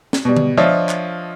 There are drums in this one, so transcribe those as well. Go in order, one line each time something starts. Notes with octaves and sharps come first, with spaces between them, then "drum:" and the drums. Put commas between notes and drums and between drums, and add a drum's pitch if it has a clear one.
drum: snare
B2 G3
drum: tom D3
F3 D4 F4 C#5 D#5 E5
drum: clap